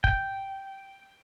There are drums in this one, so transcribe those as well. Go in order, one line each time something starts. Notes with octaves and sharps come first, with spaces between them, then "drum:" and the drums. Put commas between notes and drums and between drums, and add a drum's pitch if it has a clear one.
G5, drum: kick